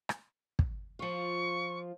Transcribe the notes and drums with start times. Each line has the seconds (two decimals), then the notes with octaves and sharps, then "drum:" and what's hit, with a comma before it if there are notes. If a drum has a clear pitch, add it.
0.09 drum: rim click
0.59 drum: kick
0.99 F3 F4 C#6